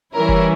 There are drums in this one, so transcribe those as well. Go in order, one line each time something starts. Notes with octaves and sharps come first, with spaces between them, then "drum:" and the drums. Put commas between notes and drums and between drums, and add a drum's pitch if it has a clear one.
E3 G3 C#4 E4 A#4
drum: kick F1